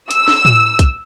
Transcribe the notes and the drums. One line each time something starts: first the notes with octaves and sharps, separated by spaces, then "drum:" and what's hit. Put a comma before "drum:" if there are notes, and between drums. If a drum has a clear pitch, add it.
E6, drum: hi-hat
drum: snare
drum: tom A2
drum: kick, hi-hat